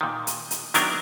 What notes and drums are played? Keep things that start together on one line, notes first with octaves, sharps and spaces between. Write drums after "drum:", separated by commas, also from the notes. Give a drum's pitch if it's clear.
A#2 D#3
drum: hi-hat
drum: hi-hat
D#3 F#3 B3 D4 E4 A#4, drum: hi-hat